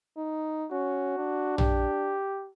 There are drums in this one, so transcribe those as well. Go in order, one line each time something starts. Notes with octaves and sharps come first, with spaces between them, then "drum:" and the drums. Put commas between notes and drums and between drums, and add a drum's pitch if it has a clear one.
D#4
C#4 F#4
D4
G4, drum: tom A#1